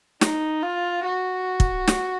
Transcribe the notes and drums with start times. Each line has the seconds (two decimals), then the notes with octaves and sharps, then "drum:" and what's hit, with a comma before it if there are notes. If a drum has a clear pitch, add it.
0.21 D#4, drum: snare
0.63 F4
1.04 F#4
1.60 drum: kick
1.87 drum: snare